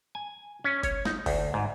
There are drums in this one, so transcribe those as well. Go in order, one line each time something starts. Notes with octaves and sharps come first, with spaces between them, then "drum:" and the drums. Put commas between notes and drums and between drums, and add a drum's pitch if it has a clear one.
G#5
C#4
C#5, drum: kick F#1, hi-hat
D#4, drum: snare
D2, drum: kick F#1, open hi-hat
G#2